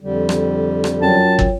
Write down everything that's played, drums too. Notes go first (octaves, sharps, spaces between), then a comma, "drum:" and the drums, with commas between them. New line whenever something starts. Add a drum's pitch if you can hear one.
F2 D3 G3
drum: rim click
drum: rim click
F#2 F4 C#5 G5 A5
drum: kick